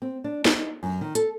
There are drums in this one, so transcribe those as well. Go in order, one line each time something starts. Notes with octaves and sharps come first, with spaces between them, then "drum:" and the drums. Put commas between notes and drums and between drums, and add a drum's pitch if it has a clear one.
C4
D4
D#4, drum: snare
F#2
D#3
A4, drum: hi-hat